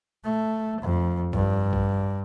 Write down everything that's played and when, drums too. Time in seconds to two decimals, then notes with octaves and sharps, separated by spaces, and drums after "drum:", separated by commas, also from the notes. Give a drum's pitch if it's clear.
0.24 A3
0.81 F2
1.33 G2, drum: kick
1.73 drum: kick